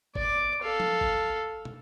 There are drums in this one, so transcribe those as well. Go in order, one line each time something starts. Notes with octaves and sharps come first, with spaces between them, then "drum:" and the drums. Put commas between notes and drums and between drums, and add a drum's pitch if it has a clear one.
D5 D6, drum: kick G#1
A4 F5
drum: tom F3
drum: kick G#1
drum: tom